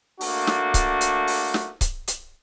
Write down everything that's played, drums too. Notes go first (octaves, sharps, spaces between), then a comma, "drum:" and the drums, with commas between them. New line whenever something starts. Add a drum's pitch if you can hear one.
A3 A#3 D4 F#4, drum: open hi-hat
drum: snare
drum: kick C#1, hi-hat
drum: hi-hat
drum: open hi-hat
drum: snare
drum: kick C#1, hi-hat
drum: hi-hat